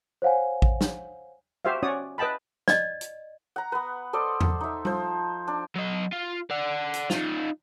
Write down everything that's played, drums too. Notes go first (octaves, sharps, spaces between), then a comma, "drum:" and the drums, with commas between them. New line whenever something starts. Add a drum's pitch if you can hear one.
C5 C#5 F5 F#5 G#5
drum: kick A1
drum: snare
F#4 G4 C5 E5 F5
C#4 F#4 C#5 D5 D#6
B4 D#5 G5 A5 B5
D5 D#5, drum: snare
drum: hi-hat
F#5 A#5
B3 B4
A4 C5 D5 D#5
drum: tom E2
D#4 E5
F3 C5, drum: tom G3
D4
F#3 D#5
F4
D5 F#5
drum: hi-hat
D#4 F4, drum: snare